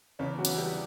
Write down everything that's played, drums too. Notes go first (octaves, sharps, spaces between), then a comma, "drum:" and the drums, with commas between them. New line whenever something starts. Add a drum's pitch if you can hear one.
E2 C#3 C#4
F#3 F#4
E3, drum: hi-hat
G3 G4